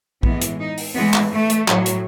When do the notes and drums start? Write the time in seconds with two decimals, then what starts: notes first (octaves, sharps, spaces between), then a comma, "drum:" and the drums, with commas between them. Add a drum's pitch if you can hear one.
0.23 A2 E3 G#3 B3, drum: kick A#1
0.42 drum: hi-hat
0.60 D#4
0.78 drum: open hi-hat
0.95 A2 E3 G#3 B3
1.14 drum: clap
1.32 A3
1.50 drum: hi-hat
1.68 A2 F#3, drum: clap
1.86 drum: hi-hat